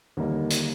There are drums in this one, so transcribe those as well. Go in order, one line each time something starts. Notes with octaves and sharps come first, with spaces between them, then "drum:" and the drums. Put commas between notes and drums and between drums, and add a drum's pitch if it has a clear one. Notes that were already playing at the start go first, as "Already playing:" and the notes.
D#2 D3 G3 A#3 D#4
drum: hi-hat